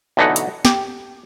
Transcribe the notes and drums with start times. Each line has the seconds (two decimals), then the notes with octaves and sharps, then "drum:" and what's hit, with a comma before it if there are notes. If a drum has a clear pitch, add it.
0.17 B1 D3 E3 A3 D#4 F#5
0.36 drum: hi-hat
0.65 G4, drum: snare